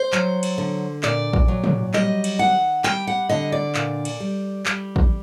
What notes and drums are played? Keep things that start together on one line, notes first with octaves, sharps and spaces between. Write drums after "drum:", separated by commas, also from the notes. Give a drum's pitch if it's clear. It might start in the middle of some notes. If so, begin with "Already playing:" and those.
Already playing: C5
F#3, drum: clap
drum: cymbal
D3
A#2 D5, drum: clap
drum: kick A1
F#3
drum: tom
G3 D#5, drum: clap
drum: cymbal
D#3 F#5
G3 G5, drum: clap
F#5
D3 D#5
D5
A#2, drum: clap
drum: cymbal
G3
G3, drum: clap
drum: kick A1